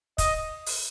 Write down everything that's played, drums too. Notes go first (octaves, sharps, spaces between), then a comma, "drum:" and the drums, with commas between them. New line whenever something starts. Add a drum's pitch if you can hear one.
D#5, drum: kick, hi-hat
drum: open hi-hat